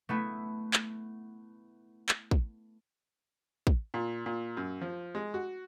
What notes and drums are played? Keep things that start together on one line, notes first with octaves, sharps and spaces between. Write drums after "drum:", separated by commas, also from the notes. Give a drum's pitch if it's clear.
A3 B3 E4
drum: clap
drum: clap
drum: kick
drum: kick
A#2
A#2
F#2
F3
G#3
F#4